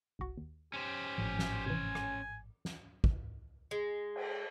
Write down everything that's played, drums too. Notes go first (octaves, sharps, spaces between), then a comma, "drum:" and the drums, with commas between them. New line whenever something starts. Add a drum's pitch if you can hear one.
G1 C2 F#4
D#2
C#4 G4 C5
G#1 A2 F3
drum: snare
C3 E3 G#5
drum: rim click
drum: snare
drum: kick
G#3
drum: cymbal